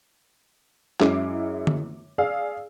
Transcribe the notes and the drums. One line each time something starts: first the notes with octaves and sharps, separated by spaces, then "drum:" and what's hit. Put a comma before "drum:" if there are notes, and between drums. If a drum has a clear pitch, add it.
F#2 G#3 E4 D6 C7, drum: clap
drum: tom
G#4 D5 F5 E6